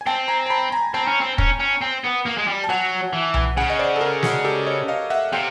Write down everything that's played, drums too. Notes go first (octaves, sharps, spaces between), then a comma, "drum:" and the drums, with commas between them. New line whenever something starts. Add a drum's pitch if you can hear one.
G#5
C4 G5 A5
G#5 A#5
A#5
A5 B5
G#5 A#5
C4 G5 A5
C#4
C4
C#4, drum: kick
C#4
C4
B3
A#3
G#3
G3
A5
F#3 F#5 G#5
E3
drum: tom B1
C#3 F#5 G#5
D#5
C5 D5
A4
G#4 A#4
F#4 G#4, drum: snare
G4 A4
C#5 D#5
D#5 F5
E5 F#5
C3 F5 G5